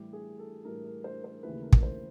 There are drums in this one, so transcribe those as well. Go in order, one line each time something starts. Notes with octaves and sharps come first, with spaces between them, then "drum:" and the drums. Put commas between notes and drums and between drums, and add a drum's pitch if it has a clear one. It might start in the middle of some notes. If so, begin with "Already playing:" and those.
Already playing: A2 E3 G3 G4
G#4
A4
A2 E3 G3 A#4
A#4
C5
C5
D#2 C#3 E3 A3 B4
A#4
drum: kick
C5